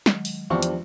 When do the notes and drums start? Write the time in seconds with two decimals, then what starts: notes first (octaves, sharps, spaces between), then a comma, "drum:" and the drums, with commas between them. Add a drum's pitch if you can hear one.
0.06 D#3 F#3 G#3, drum: snare
0.25 drum: open hi-hat
0.50 E2 F3 G3 C4 D4 C#6
0.63 drum: hi-hat